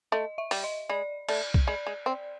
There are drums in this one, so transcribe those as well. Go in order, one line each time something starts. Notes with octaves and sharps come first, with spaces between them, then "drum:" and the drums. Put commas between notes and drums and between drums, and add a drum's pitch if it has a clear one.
A3 D#5
E5
G3, drum: open hi-hat
D#5
G#3 D5
A3 D5, drum: cymbal
drum: kick B1
G#3 D5
G#3
C4